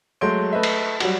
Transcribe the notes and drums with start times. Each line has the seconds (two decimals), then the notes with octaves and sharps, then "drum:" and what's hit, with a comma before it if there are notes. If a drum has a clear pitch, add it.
0.21 F#3 G#3 A3 C6 G6 D7
0.52 A3 B4 D#5 E5
0.63 drum: cymbal
1.00 F#3 G3 F#4, drum: cymbal